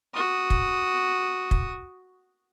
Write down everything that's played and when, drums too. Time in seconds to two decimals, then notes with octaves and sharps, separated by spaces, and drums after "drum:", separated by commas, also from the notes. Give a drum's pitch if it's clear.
0.14 F#4 D#6
0.50 drum: kick
1.51 drum: kick